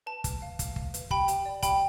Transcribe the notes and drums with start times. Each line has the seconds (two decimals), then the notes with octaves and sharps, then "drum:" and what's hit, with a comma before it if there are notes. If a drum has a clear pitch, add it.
0.06 B4 A5
0.24 B4, drum: kick, hi-hat
0.42 F5
0.59 F5, drum: kick, hi-hat
0.76 F5, drum: kick
0.94 B4, drum: hi-hat
1.10 G4 G5 B5, drum: kick
1.28 G4, drum: hi-hat
1.45 D5
1.63 G4 G5 B5, drum: kick, hi-hat